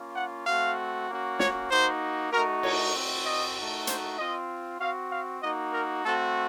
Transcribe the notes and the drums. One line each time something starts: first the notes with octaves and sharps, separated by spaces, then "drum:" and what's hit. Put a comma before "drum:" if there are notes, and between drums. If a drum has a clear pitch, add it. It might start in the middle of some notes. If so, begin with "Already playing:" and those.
Already playing: A#3 C#4 F4
F#5
A3 C4 F#4 F5
A#3 C#4 F#4
C#5, drum: snare
A#3 D#4 F#4 C5
A3 D#4 F#4 A#4
C#5, drum: cymbal
C4 F#4
D#5
A3 D#4 F#4
C5, drum: hi-hat
C4 F4 D#5
C4 F#4 F5
F5
A#3 D#4 F#4 D#5
A#4
A3 C4 F#4 A4